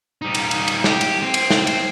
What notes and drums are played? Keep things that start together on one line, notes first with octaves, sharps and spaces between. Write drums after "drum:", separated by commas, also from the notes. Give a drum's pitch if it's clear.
G3 D#4
drum: cymbal
drum: cymbal
drum: cymbal
G4, drum: snare
drum: cymbal
C4
drum: cymbal
drum: snare
drum: cymbal